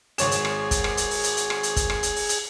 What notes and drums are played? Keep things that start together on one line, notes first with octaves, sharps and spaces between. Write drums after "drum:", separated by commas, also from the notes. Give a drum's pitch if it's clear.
G#1 G#4 C#5 E7, drum: hi-hat
drum: hi-hat
drum: rim click
drum: kick, hi-hat
drum: rim click
drum: hi-hat
drum: open hi-hat
drum: hi-hat
drum: hi-hat
drum: rim click
drum: hi-hat
drum: kick, hi-hat
drum: rim click
drum: hi-hat
drum: open hi-hat
drum: hi-hat